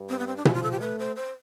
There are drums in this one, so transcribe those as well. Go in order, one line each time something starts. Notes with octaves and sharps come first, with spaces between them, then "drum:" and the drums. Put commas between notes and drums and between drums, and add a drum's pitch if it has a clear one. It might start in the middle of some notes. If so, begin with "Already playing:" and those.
Already playing: G2
C4
B3
C4
D4
F3 E4, drum: tom B2
F4
A4
G4
A3 B4
C5
C5